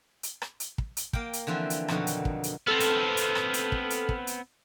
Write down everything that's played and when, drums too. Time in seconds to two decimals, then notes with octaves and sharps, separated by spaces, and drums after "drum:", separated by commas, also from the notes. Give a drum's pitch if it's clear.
0.23 drum: hi-hat
0.42 drum: rim click
0.60 drum: hi-hat
0.78 drum: kick
0.97 drum: hi-hat
1.13 A#3 F5 G5, drum: kick
1.33 drum: hi-hat
1.47 D3 E3 F3 C4 E5
1.70 drum: hi-hat
1.88 F2 B2 D3 D#3 F#3, drum: rim click
2.07 drum: hi-hat
2.25 drum: kick
2.43 drum: hi-hat
2.67 B3 C4 A4 F6
2.80 drum: hi-hat
3.17 drum: hi-hat
3.35 drum: rim click
3.54 drum: hi-hat
3.72 drum: kick
3.90 drum: hi-hat
4.09 drum: kick
4.27 drum: hi-hat